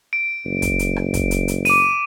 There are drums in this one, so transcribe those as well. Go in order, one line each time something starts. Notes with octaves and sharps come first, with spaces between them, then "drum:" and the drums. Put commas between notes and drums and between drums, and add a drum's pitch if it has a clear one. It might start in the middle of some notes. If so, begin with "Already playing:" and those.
D7
F#1
drum: kick, hi-hat
drum: hi-hat
drum: rim click
drum: kick, hi-hat
drum: hi-hat
drum: hi-hat
D6 D#7, drum: open hi-hat